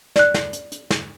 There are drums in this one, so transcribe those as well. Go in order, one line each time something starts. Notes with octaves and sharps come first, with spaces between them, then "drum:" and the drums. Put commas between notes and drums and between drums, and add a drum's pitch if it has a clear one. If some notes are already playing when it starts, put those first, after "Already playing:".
D5 F#6, drum: snare
drum: snare
drum: hi-hat
drum: hi-hat
drum: snare